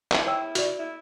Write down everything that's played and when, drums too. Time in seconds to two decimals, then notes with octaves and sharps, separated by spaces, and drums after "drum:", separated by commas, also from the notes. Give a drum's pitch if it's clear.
0.12 E4, drum: clap
0.27 C#5 G5 E6
0.55 F#4 D5, drum: hi-hat
0.79 E4